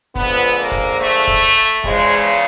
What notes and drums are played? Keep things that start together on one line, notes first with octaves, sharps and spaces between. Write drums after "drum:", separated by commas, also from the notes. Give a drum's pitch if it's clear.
F2 D3 F3 G#3 B3, drum: kick, hi-hat
A#3
drum: kick, hi-hat
A3
drum: kick, hi-hat
E2 C#3 F3 G#3, drum: kick, hi-hat